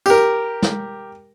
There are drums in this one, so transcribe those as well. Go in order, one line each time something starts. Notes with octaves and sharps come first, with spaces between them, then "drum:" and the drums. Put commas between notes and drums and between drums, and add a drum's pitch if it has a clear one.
G4 A#4, drum: tambourine
drum: snare